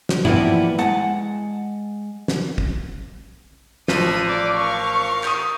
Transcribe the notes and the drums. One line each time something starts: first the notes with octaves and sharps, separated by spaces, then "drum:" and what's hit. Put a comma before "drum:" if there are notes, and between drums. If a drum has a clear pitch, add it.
drum: snare
E3 F3 G3 A#3 B3 E4, drum: tom G2
G#3 F#5 A5, drum: hi-hat
drum: snare
drum: kick
A1 F3 D#6, drum: snare
D5 D6
A#4 F5 C#6
D#6 G6, drum: clap